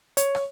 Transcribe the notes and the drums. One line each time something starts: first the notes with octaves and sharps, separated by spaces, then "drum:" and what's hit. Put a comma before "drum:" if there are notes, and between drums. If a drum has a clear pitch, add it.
C#5, drum: hi-hat
drum: rim click